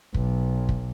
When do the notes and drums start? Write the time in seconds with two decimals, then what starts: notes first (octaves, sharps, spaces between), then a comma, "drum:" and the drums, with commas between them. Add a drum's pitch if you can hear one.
0.14 B1, drum: kick
0.69 drum: kick